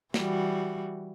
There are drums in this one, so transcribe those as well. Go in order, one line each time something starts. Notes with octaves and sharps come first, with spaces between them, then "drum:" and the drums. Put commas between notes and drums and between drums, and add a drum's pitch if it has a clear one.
E3 G3 F#4, drum: snare